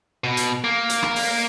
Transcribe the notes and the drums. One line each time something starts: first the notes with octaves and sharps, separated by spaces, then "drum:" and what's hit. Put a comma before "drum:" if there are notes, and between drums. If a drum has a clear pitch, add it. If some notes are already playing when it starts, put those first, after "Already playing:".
B2
drum: hi-hat
A#3
drum: hi-hat
drum: rim click
drum: open hi-hat